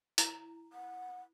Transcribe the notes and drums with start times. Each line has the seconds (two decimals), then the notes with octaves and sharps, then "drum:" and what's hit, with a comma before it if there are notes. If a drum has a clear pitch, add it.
0.18 E4 A#5, drum: hi-hat
0.73 F#5